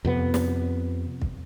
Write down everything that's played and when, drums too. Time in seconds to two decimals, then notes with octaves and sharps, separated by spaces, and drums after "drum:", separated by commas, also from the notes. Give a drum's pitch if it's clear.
0.05 F2 C3 B3
0.34 drum: snare
1.22 drum: kick